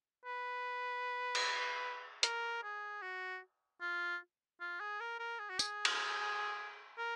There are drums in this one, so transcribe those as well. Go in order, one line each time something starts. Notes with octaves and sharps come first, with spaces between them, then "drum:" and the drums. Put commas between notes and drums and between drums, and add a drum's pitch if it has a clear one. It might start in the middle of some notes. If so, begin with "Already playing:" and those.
B4
drum: cymbal
A#4, drum: hi-hat
G#4
F#4
F4
F4
G#4
A#4
A#4
G#4
F#4
G#4, drum: tambourine
drum: cymbal
A#4